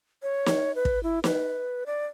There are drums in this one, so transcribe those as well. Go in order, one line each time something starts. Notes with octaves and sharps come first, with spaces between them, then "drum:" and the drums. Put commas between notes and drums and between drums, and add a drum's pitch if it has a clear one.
C#5
drum: snare
B4
drum: kick
E4
B4, drum: snare
D5